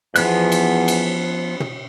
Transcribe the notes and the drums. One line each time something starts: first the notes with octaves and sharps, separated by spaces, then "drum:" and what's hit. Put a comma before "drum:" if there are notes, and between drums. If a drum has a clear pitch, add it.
E2 F3 B3 F#6, drum: cymbal
drum: cymbal
drum: cymbal
drum: tom